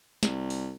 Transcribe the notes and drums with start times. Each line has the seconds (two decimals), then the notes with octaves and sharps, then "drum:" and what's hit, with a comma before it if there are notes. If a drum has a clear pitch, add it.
0.23 C2, drum: snare
0.50 drum: open hi-hat